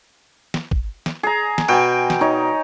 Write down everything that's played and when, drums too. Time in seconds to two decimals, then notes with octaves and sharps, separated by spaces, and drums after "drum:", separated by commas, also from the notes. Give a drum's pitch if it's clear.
0.54 drum: snare
0.71 drum: kick
1.06 drum: snare
1.23 G#4 A#5
1.58 drum: snare
1.69 B2 G5 G#5
2.10 drum: snare
2.21 D#4 C#5